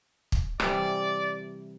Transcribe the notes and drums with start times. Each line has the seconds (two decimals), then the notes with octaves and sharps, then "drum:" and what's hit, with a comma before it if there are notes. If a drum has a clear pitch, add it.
0.32 drum: kick
0.60 C3 E3 G3 D5, drum: rim click